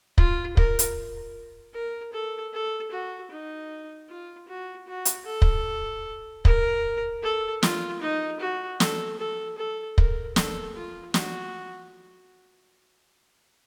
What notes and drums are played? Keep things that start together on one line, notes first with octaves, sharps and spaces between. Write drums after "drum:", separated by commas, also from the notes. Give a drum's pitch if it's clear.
F4, drum: kick
A#4, drum: kick
drum: hi-hat
A#4
A4
A4
F#4
D#4
F4
F#4
F#4
drum: hi-hat
A4
drum: kick
A#4, drum: kick
A4
F4, drum: snare
D#4
F#4
A4, drum: snare
A4
A4
A#4, drum: kick
A4, drum: snare
F4
F#4, drum: snare